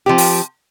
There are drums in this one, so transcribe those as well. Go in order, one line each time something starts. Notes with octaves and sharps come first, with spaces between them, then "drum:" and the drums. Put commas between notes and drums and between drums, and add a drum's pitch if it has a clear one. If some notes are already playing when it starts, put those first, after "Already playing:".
F3 C4 G4
drum: open hi-hat